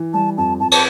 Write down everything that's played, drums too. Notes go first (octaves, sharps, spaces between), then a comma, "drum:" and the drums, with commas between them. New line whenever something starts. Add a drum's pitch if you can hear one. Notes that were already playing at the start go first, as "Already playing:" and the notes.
Already playing: E3
G3 A5
F2 A5
F2 A5
A5, drum: cymbal